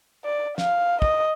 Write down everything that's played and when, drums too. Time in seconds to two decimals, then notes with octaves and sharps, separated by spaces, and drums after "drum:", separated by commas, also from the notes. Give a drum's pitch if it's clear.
0.25 D5
0.58 F5, drum: snare
1.02 D#5, drum: kick